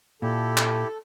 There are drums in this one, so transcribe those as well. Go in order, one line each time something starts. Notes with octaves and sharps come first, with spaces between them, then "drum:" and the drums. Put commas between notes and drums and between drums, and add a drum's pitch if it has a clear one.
A#2 E4 G4 A4
drum: clap